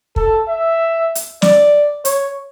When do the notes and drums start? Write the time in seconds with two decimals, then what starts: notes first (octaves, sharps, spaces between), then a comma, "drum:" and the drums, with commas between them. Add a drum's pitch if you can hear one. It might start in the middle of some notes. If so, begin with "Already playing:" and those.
0.16 A4, drum: kick
0.48 E5
1.15 drum: hi-hat
1.42 D5, drum: snare
2.05 C#5, drum: hi-hat